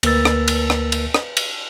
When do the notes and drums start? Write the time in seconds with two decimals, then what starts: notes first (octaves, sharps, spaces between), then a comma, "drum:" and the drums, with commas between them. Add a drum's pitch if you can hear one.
0.03 D2 A#3 A#4 B4 E6 A6, drum: cymbal
0.25 drum: rim click
0.48 drum: cymbal
0.70 drum: rim click
0.92 drum: cymbal
1.14 drum: rim click
1.37 drum: cymbal